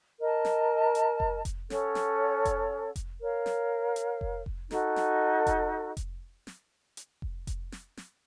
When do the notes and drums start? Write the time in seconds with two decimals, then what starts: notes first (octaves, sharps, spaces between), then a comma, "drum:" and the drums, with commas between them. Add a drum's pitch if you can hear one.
0.20 A#4 D#5 A5
0.45 drum: snare
0.95 drum: hi-hat
1.20 drum: kick F1
1.45 drum: kick F1, hi-hat
1.70 C#4 A4 C#5 F#5, drum: snare
1.95 drum: snare
2.45 drum: kick F1, hi-hat
2.96 drum: kick F1, hi-hat
3.21 A#4 C#5 F5
3.46 drum: snare
3.96 drum: hi-hat
4.21 drum: kick F1
4.46 drum: kick F1
4.71 D#4 F#4 A4 D#5, drum: snare
4.96 drum: snare
5.46 drum: kick F1, hi-hat
5.97 drum: kick F1, hi-hat
6.47 drum: snare
6.97 drum: hi-hat
7.22 drum: kick F1
7.47 drum: kick F1, hi-hat
7.72 drum: snare
7.97 drum: snare